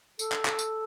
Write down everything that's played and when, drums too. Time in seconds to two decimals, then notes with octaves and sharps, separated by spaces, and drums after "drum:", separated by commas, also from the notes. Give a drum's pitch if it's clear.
0.19 A4, drum: tambourine
0.32 drum: clap
0.45 drum: clap
0.59 drum: tambourine